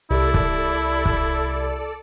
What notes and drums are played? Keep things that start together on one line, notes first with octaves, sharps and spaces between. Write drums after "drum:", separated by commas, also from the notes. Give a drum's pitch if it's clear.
C2 E4 A4 D5
drum: kick
drum: kick